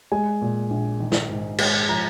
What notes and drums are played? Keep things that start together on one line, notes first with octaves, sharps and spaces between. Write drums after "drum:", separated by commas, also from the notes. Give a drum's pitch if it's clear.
G#3 G#5
A#2
A#1
D#3
drum: snare
G#2
G#3, drum: cymbal
F3 A#5